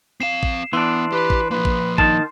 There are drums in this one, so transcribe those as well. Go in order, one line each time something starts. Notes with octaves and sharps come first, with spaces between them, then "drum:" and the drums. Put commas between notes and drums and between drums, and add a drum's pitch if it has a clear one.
C4 F5 C7 E7
drum: kick A1
E3 B3 D4 C6
G4 B4
drum: kick A1
F3 A#3 B4
drum: kick A1
D#3 A5, drum: kick A1